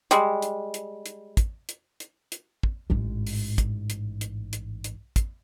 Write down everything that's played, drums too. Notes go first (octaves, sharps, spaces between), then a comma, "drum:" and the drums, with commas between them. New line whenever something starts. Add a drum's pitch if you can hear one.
G3 G#3, drum: hi-hat
drum: hi-hat
drum: hi-hat
drum: hi-hat
drum: kick, hi-hat
drum: hi-hat
drum: hi-hat
drum: hi-hat
drum: kick
A1 G#2
drum: open hi-hat
drum: kick, hi-hat
drum: hi-hat
drum: hi-hat
drum: hi-hat
drum: hi-hat
drum: kick, hi-hat